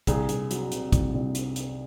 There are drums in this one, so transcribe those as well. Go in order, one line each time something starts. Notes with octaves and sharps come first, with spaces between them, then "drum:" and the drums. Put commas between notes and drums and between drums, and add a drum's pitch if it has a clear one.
C2 G#4, drum: kick, hi-hat
C2, drum: hi-hat
F#3, drum: hi-hat
C3, drum: hi-hat
C2, drum: kick, hi-hat
C2
drum: hi-hat
drum: hi-hat